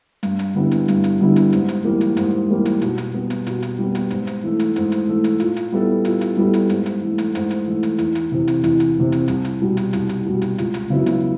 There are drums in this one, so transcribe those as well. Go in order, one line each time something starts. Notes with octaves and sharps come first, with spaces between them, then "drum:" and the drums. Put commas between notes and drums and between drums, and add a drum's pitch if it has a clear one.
G2, drum: hi-hat
drum: hi-hat
D3 G3 B3 E4
drum: hi-hat
G2, drum: hi-hat
drum: hi-hat
D3 G3 B3 E4
drum: hi-hat
G#2, drum: hi-hat
drum: hi-hat
E3 G3 A#3
drum: hi-hat
G#2, drum: hi-hat
E3 G3 A#3
drum: hi-hat
B2, drum: hi-hat
drum: hi-hat
G3 B3
drum: hi-hat
B2, drum: hi-hat
drum: hi-hat
G3 B3
drum: hi-hat
G#2, drum: hi-hat
drum: hi-hat
E3 A3
drum: hi-hat
G#2, drum: hi-hat
drum: hi-hat
E3 A3
drum: hi-hat
A#2, drum: hi-hat
drum: hi-hat
G3 B3 E4 A4
A#2, drum: hi-hat
drum: hi-hat
G3 B3 E4 A4
drum: hi-hat
G#2, drum: hi-hat
drum: hi-hat
E3 A3
drum: hi-hat
G#2, drum: hi-hat
drum: hi-hat
E3 A3
drum: hi-hat
E2, drum: hi-hat
drum: hi-hat
C3 E3
drum: hi-hat
E2, drum: hi-hat
drum: hi-hat
C3 E3
drum: hi-hat
C2, drum: hi-hat
drum: hi-hat
B2 G3
drum: hi-hat
C2, drum: hi-hat
drum: hi-hat
B2 G3
drum: hi-hat
C#2, drum: hi-hat
drum: hi-hat
C#3 F#3 B3 E4
drum: hi-hat